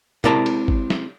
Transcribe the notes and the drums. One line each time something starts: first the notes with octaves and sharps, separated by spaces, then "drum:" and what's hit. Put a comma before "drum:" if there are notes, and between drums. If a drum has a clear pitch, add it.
C3 G#3 E4 A#4 D5 A5, drum: tom
drum: cymbal
drum: kick
drum: snare